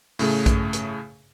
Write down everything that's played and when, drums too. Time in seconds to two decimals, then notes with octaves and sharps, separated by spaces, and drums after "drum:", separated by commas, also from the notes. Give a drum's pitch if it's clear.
0.19 A2 C#3 A3 G#4, drum: open hi-hat
0.46 drum: kick A#1, hi-hat
0.73 drum: hi-hat